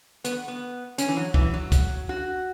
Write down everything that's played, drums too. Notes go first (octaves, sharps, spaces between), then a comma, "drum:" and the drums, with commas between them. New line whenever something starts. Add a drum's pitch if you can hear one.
B3, drum: hi-hat
B3
C#4, drum: hi-hat
E3
F#3
E3, drum: kick
F#3
drum: kick, hi-hat
F#4